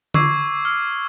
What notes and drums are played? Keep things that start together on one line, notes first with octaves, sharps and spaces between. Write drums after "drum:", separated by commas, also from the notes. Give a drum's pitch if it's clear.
C#6 D6 E6 G#6 C7, drum: tom D3
F6